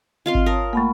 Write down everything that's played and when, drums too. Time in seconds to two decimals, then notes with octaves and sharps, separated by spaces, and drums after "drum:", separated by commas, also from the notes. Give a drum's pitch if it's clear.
0.26 C4 F4 D#5 F5 C6
0.35 drum: kick G#1
0.46 A#4 C#5 A5 D#6
0.73 A3 A#3 F#5 B5 C#6